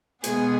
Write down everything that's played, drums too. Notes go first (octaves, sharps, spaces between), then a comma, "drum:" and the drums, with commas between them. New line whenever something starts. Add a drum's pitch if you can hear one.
B2 G#3 B3 G#4, drum: hi-hat